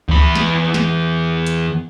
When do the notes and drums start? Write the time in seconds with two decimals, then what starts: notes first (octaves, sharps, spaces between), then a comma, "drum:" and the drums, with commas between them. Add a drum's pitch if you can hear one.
0.08 E2 B5, drum: kick C#2
0.35 drum: snare
0.74 drum: snare
1.47 drum: hi-hat